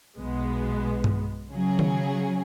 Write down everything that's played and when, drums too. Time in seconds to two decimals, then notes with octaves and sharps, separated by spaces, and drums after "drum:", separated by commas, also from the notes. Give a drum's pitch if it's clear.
0.17 B1 B2 G#3 B3
1.04 drum: tom G2
1.51 C#3 F#3 C#4 G#4
1.79 drum: tom D#3